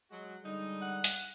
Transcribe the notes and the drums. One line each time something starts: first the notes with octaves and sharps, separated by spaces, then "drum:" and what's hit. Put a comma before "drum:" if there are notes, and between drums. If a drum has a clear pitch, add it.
F#3 G#3 F#4
D3 G3 G#3 D#4
F#5
drum: hi-hat